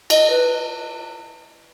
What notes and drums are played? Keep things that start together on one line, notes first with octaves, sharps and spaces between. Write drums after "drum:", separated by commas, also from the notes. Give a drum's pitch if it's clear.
D#5, drum: cymbal
B4